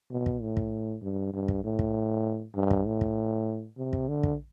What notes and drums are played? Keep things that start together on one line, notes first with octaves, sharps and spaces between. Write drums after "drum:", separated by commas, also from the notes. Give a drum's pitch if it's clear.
B2
drum: kick
A2
drum: kick
G2
G2
drum: kick
A2
drum: kick
G2
drum: kick
A2
drum: kick
C3
drum: kick
D3
drum: kick